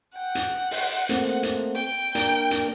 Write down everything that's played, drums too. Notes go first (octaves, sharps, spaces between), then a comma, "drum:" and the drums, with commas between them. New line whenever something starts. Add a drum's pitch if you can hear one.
F#5 G5
drum: hi-hat
drum: open hi-hat
A3 A#3 C4, drum: hi-hat
drum: hi-hat
G5
A#3 D4 A#4, drum: hi-hat
drum: hi-hat